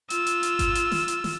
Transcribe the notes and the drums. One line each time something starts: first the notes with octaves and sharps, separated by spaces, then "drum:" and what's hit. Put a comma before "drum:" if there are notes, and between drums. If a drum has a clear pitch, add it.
F4 E6, drum: hi-hat
drum: hi-hat
drum: hi-hat
drum: kick G#1, hi-hat
drum: hi-hat
drum: snare
drum: hi-hat
drum: snare